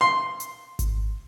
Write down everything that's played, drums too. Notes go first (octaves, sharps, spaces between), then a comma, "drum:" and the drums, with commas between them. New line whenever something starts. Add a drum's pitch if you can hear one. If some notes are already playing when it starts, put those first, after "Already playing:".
C6
drum: hi-hat
drum: kick G#1, hi-hat